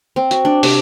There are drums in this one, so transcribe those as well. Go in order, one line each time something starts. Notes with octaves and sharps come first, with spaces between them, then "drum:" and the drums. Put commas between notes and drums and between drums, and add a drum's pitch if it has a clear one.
C4
F#4, drum: hi-hat
D4
C3, drum: open hi-hat